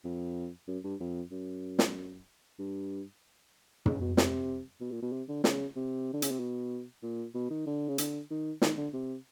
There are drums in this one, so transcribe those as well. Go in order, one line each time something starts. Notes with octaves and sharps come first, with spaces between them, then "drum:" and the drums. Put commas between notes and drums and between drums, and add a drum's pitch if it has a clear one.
F2
F#2
G2
F2
F#2
drum: snare
G2
C#3, drum: tom
B2
C3, drum: snare
B2
A#2
B2
C3
D3
C#3, drum: snare
C3
D3
C#3, drum: hi-hat
C3
B2
A#2
B2
D#3
D3
C#3
D3, drum: hi-hat
D#3
D#3, drum: snare
D3
C3